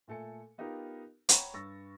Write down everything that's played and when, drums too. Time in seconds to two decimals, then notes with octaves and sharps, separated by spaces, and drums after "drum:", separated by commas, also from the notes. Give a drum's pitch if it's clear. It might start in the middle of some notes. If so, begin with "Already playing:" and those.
0.08 A#2 A3 A4 G#5 C#7
0.58 B3 D#4 F4 G4 A#4
1.29 C#5 F#5 G5 A#5 B5 C#6, drum: hi-hat
1.54 G2 C#6 E6 A6 A#6